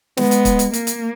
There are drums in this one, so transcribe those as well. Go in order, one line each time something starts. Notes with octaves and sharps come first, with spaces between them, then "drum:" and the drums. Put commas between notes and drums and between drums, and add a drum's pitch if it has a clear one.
G#3 B3, drum: snare
drum: hi-hat
drum: kick, hi-hat
drum: hi-hat
A#3, drum: hi-hat
drum: hi-hat